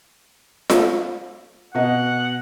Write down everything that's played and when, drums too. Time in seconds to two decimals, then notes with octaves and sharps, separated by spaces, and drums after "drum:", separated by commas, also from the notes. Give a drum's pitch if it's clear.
0.70 drum: snare F4
1.75 B2 D#5 F#5